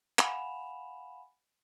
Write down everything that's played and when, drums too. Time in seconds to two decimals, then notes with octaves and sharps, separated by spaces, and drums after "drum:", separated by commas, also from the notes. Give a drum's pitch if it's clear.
0.19 F5 F#5 G#5 B5 E7 F7, drum: clap